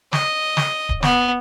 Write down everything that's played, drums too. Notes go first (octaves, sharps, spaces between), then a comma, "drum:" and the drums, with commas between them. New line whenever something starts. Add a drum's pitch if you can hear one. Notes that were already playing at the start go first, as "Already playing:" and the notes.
D#5, drum: snare
drum: snare
drum: kick D1
B3, drum: snare